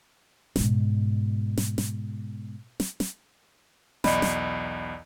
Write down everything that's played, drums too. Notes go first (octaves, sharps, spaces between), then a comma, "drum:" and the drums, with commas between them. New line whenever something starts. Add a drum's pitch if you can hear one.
G#2 B2, drum: snare
drum: snare
drum: snare
drum: snare
drum: snare
B1 E2 D5 D#5 B5, drum: snare
drum: snare